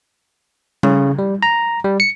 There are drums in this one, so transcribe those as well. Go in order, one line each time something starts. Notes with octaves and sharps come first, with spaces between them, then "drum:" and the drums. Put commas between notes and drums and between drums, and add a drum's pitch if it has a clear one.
C#3, drum: tom G3
G3
A#5
G3
C#7